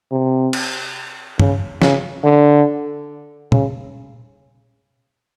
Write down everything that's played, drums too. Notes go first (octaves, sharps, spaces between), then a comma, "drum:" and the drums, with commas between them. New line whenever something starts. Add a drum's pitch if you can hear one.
C3
drum: cymbal
C#3, drum: tom
C#3, drum: snare
D3
C#3, drum: tom